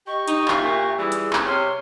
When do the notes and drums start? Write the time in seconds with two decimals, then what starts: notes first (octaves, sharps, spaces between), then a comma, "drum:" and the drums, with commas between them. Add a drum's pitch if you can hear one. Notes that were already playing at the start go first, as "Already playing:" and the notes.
0.07 G4 D#5 C#6
0.28 D#4 D#5, drum: hi-hat
0.48 F4 E5, drum: clap
0.62 A#2
0.98 E3 G3 G#4
1.12 drum: hi-hat
1.33 drum: clap
1.46 C3 C#5 C6 F6